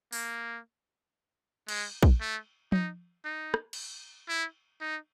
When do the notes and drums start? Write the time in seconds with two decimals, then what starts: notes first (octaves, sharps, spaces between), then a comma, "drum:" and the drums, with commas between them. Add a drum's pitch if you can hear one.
0.13 A#3, drum: open hi-hat
1.68 G#3, drum: cymbal
2.03 drum: kick
2.21 A3
2.72 D#4, drum: tom F3
3.25 D#4
3.54 drum: rim click
3.73 drum: cymbal
4.29 E4
4.81 D#4